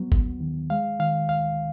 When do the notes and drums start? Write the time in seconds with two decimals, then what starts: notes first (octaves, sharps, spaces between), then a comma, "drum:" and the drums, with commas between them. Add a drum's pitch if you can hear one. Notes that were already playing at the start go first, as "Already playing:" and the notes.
Already playing: F#3 B3
0.12 D#2, drum: kick G1
0.40 D#3
0.70 G#3 F5
0.99 D#3 F5
1.29 C#2 F5